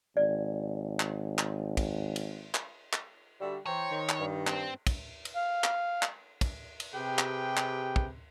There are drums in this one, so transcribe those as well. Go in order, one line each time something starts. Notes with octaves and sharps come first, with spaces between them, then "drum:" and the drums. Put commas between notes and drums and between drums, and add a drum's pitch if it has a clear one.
G#1 D5
drum: clap
drum: clap
drum: kick, cymbal
drum: cymbal
drum: clap
drum: clap
D3 G3 F#4 E5
E3 C5 C#5 G5 A#5
D#3
drum: clap
G2
C4, drum: clap
drum: kick, cymbal
drum: cymbal
F5
drum: clap
drum: clap
drum: kick, cymbal
drum: cymbal
C3 G4 G#4 B4 G5
drum: clap
drum: clap
drum: kick